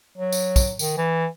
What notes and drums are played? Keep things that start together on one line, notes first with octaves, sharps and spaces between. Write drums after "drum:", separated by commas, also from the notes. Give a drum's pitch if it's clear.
F#3
drum: tambourine
drum: kick, tambourine
D#3, drum: tambourine
E3